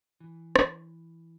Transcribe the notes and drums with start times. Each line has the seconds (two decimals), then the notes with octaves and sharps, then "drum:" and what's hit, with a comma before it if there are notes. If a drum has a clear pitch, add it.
0.20 E3
0.56 drum: rim click